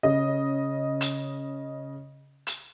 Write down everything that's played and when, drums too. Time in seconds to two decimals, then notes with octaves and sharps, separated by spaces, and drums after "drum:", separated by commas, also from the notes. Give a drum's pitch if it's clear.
0.03 C#3 D#5
1.01 drum: hi-hat
2.47 drum: hi-hat